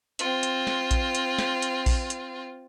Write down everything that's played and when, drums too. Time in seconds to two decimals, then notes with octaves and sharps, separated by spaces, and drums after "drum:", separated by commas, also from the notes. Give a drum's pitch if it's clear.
0.19 C4 F4, drum: hi-hat
0.43 drum: hi-hat
0.67 drum: snare
0.91 drum: kick A#1, hi-hat
1.15 drum: hi-hat
1.39 drum: snare
1.62 drum: hi-hat
1.86 drum: kick A#1, open hi-hat
2.10 drum: hi-hat